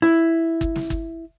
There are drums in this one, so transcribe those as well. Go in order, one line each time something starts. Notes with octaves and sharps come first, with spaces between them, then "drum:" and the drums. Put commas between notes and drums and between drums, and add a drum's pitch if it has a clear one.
E4
drum: kick
drum: snare
drum: kick